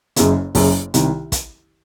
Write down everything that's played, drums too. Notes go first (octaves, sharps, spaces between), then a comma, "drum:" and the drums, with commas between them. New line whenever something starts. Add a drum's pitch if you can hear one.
F#1 F#2 C#3, drum: hi-hat
F#1 F#2 C#3, drum: kick, open hi-hat
C2 C3 D#3, drum: hi-hat
drum: kick, hi-hat